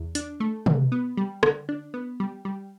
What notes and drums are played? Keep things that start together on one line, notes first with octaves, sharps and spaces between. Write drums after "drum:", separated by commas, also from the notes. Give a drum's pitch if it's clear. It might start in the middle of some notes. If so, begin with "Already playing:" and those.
Already playing: E2
D4, drum: hi-hat
A3
B2, drum: tom
B3
G3
D3, drum: rim click
D4
B3
G3
G3